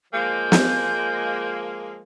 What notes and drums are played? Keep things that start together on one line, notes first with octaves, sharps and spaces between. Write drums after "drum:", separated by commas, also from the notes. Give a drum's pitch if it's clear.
F3 G#3 A#3 G6
drum: snare